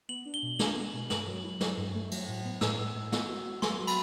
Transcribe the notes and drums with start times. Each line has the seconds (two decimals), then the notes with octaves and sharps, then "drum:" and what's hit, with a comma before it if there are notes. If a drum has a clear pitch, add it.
0.09 B3 F#7
0.25 D4
0.34 G7
0.43 B2
0.59 D4 F#7, drum: snare
0.76 B3
0.94 B2
1.10 G2 F#7, drum: snare
1.27 F#3
1.43 E4
1.61 F#3, drum: snare
1.77 G2
1.95 A3
2.11 F#3, drum: cymbal
2.28 A2
2.45 B3
2.61 A2 E6, drum: snare
2.78 A2
2.95 A2
3.12 B3, drum: snare
3.28 F#4
3.45 B3
3.62 F#3 C6, drum: snare
3.79 F#4
3.87 B5, drum: cymbal